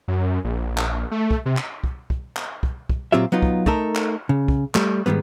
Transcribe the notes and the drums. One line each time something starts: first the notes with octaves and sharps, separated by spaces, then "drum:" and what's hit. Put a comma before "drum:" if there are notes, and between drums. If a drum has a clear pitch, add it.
F#2
A#1
drum: clap
A3
drum: kick
C3
drum: clap
drum: kick
drum: kick
drum: clap
drum: kick
drum: kick
A#2 F#3 C4 F4 G4 E5
F#3 B3 D#4 F4
drum: kick
A3 D#4 A4 A#4, drum: kick
drum: clap
C#3
drum: kick
G3 A3, drum: clap
G#2 B2 D#3 G3 B3